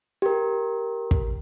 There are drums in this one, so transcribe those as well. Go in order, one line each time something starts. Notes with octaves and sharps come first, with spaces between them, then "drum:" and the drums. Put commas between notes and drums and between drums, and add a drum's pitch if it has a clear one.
G4 A#4
drum: kick